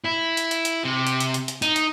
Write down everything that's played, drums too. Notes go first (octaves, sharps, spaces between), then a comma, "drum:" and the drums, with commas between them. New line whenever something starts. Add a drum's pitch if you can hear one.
E4
drum: hi-hat
drum: hi-hat
drum: hi-hat
C3
drum: hi-hat
drum: hi-hat
drum: hi-hat
drum: hi-hat
D#4, drum: hi-hat
drum: hi-hat